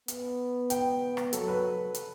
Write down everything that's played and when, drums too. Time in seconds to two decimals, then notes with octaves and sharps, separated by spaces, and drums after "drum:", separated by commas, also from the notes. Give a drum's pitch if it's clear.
0.08 B3, drum: hi-hat
0.70 G5, drum: hi-hat
1.17 drum: rim click
1.33 F#3 A4, drum: hi-hat
1.48 B4
1.94 drum: hi-hat